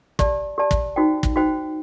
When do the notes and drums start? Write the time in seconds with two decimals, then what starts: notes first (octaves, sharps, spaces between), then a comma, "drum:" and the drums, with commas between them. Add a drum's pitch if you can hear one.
0.19 G4 D5 A5, drum: kick
0.58 G4 D5 A5
0.71 drum: kick
0.96 D#4 F#4 C5 G5
1.23 drum: kick
1.36 D#4 F#4 C5 G5